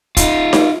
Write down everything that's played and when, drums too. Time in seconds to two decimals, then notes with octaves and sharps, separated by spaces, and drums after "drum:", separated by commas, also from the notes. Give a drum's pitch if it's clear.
0.17 D#4 F4, drum: kick, hi-hat
0.53 drum: snare D#4